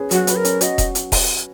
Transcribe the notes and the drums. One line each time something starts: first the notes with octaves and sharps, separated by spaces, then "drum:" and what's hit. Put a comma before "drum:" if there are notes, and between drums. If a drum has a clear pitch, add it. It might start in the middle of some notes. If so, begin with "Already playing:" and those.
Already playing: C#4 G#4 B4
F#3 F#4, drum: hi-hat
B4, drum: hi-hat
A#4
C#4, drum: hi-hat
F#4 D#5, drum: hi-hat
drum: kick E1, hi-hat
drum: hi-hat
drum: kick E1, open hi-hat